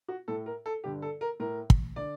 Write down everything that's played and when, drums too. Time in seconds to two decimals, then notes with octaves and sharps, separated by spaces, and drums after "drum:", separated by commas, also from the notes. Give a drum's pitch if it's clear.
0.08 F#4
0.28 A2 A4
0.46 A#4
0.66 A4
0.84 G2 D3 G4
1.02 A4
1.21 A#4
1.40 A2 A#4
1.70 drum: kick
1.96 D3 D5